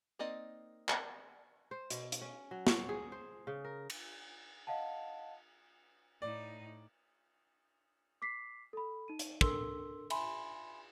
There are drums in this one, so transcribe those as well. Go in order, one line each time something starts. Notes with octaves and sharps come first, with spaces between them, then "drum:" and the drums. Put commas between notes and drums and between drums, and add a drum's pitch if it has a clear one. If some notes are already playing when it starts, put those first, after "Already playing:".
A#3 C4 D#4 D5 D#5
drum: clap
C5
B2, drum: hi-hat
drum: hi-hat
C#4
F#3
C#5, drum: snare
G#4
C5
C#3
A#4
drum: cymbal
D#5 F5 F#5 A5
A2 D#4 D5
D6 B6 C7
A4 B5
D#4 D#7
drum: hi-hat
D4 A4 A#4 C6 E6 G7, drum: kick
E5 G#5 B5 C6, drum: cymbal